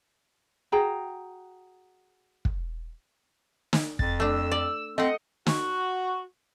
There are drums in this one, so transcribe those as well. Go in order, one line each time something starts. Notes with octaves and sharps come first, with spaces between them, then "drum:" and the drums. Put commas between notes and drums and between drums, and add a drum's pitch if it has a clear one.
F#4 G#4 G5 A#5
drum: kick
drum: snare
F2 A6, drum: kick
A3 D4 E6
D5
A3 C4 D#5 F#5
F#4, drum: snare